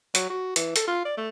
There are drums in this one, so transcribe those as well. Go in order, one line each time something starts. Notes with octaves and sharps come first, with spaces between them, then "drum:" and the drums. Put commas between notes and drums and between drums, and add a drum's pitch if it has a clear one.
F#3, drum: hi-hat
F#4
E3, drum: hi-hat
A4, drum: hi-hat
F4
D5
A3